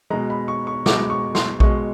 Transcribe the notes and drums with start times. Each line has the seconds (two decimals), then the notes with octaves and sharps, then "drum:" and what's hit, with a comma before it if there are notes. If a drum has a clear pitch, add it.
0.10 B2 G#3 A#5
0.30 B5
0.48 C#6
0.67 C#6
0.86 B2 G#3 D6, drum: snare
1.10 C#6
1.35 C6, drum: snare
1.60 B2 G#3 C#6, drum: kick A#1